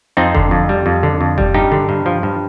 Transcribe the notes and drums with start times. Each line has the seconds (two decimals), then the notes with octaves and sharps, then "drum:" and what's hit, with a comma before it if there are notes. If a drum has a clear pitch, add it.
0.17 F2 C4 D#4
0.35 D3, drum: kick F1
0.51 F2
0.69 G3
0.86 F2
1.03 D3
1.21 F2
1.38 G3, drum: kick F1
1.54 G2 D#4 G4
1.72 D3
1.89 G2
2.06 F3
2.23 G2